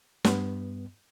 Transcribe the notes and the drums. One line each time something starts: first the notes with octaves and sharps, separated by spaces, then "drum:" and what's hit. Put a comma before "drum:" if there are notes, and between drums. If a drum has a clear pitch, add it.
G2 B3, drum: snare